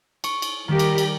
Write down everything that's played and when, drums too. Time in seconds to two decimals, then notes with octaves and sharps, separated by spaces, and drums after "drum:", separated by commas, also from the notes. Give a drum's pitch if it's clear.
0.24 C#6, drum: cymbal
0.42 drum: cymbal
0.68 D#3 G3 G4 A#4
0.79 drum: cymbal
0.98 drum: cymbal